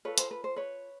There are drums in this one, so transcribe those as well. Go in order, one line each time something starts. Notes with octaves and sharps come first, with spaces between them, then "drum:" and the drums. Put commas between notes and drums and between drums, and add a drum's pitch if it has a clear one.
F4 A4 B4 C#5
C5, drum: hi-hat
B4
C5
B4 C#5